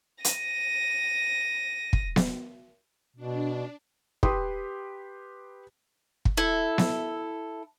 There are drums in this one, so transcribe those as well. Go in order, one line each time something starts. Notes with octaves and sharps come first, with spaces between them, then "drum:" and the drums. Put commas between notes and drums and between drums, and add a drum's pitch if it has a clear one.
A#6 D#7, drum: hi-hat
drum: kick
drum: snare B3
B2 D4
G4 B4 G5 C6 D#6, drum: kick
drum: kick
E4 A4
drum: snare B3